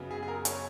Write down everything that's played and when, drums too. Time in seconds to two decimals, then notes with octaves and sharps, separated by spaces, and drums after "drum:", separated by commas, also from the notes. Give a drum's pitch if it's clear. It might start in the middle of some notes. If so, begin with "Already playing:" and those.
Already playing: F#2 C#3 F#3 B3
0.11 G#4
0.23 G#4
0.28 A#4
0.45 C#5, drum: hi-hat